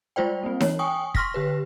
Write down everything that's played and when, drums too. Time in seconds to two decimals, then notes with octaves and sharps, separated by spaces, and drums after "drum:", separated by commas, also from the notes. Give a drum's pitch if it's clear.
0.16 G3 G#3 F4 C5 D5 G5
0.43 A#3 C4
0.60 E3 C#5, drum: snare D#4
0.79 G5 G#5 C#6 D#6
1.15 C6 C#6 F6 A#6 B6, drum: kick
1.34 D3 G4 B4